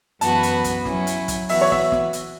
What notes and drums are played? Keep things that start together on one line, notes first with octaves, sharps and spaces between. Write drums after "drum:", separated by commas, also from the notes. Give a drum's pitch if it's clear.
F#2 E3 B3 F#4 B4 A5, drum: hi-hat
drum: hi-hat
drum: kick, hi-hat
F#3 C#4 E4, drum: snare
drum: hi-hat
drum: kick, hi-hat
E3 B3 F#4 E5, drum: open hi-hat
C#5
E5, drum: snare
drum: snare
drum: hi-hat